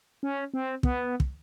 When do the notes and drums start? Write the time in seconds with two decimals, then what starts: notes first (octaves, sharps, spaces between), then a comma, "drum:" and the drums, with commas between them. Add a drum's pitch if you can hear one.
0.23 C#4
0.54 C4
0.83 B3, drum: kick
1.20 drum: kick